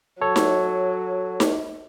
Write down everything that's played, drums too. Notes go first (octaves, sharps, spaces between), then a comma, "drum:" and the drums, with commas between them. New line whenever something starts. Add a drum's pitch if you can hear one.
F#3 A4 C#5
drum: snare D#4
drum: snare D#4